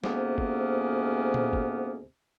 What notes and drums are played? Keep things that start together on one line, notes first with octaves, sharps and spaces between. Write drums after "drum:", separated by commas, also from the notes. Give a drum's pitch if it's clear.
D2 G#2 C3 A#3 B3 C#4, drum: snare
drum: kick
drum: tom A#2
drum: kick